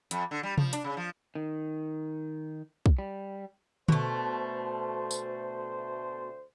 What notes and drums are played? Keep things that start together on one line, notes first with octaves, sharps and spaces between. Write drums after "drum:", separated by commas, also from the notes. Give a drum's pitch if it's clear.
F2, drum: hi-hat
D3
G3
F3, drum: tom C3
D4, drum: hi-hat
C#3
F3
D#3
drum: kick
G3
D2 B2 A3 C5, drum: tom
drum: tambourine